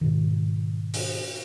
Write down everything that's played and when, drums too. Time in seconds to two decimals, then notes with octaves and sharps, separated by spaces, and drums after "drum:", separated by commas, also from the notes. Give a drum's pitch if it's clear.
0.01 G#2 B2 D#3
0.94 drum: open hi-hat